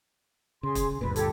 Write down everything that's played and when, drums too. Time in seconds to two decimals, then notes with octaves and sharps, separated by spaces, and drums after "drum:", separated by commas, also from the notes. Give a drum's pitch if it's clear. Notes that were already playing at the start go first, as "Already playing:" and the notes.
0.63 C#3 G#4 C6
0.75 drum: kick, hi-hat
1.01 D2 G2 A#2 B4
1.16 G4 A4 G#6, drum: hi-hat